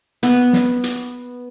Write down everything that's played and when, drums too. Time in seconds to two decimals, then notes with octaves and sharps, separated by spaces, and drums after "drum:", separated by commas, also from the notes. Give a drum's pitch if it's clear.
0.23 B3, drum: hi-hat
0.53 drum: snare
0.84 drum: hi-hat